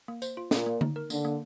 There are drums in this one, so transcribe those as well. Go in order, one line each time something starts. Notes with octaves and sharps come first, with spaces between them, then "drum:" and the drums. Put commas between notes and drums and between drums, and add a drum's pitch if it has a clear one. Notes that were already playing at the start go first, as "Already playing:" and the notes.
A#3
C5, drum: tambourine
F4
A#2 A#3, drum: snare
A#3
D#4, drum: tom D3
A#4
D3 A#3, drum: tambourine
A#3